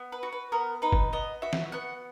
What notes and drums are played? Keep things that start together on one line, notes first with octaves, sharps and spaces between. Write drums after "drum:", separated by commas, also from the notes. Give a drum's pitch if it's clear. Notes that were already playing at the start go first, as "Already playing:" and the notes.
Already playing: B3
B4
F#4
B4
B3 A#4
D#4 B4
drum: kick
B3 D#5
F#4 E5
drum: snare
B3 F#5